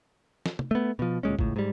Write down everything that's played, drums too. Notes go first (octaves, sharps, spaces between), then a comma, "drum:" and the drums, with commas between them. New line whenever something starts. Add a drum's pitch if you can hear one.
drum: snare
drum: tom
A3 B3
B2 F3
D2 A#2 G#3 C#4
C#2 A2, drum: kick G#1
G#2 G3